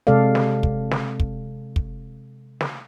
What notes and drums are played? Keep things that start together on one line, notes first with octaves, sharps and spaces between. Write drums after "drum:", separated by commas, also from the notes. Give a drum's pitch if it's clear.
C3 G#3 A4 D5 F5
drum: snare
drum: kick
drum: snare
drum: kick
drum: kick
drum: snare